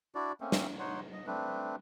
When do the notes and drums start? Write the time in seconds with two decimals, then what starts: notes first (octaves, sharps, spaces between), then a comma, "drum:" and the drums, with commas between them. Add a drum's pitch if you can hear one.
0.15 D4 E4 F#4 D5
0.41 A3 A#3 C4 C#4
0.52 drum: snare
0.79 D#4 C#5 F#5 C6
1.12 D#5
1.27 A3 C4 D4 B4